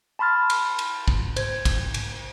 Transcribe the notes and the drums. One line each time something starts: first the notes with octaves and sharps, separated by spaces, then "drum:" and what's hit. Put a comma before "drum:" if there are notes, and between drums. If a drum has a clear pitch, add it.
A5 B5 C6 F6 A6
drum: cymbal
drum: cymbal
drum: kick
C5 G#6, drum: cymbal
drum: kick, cymbal
drum: cymbal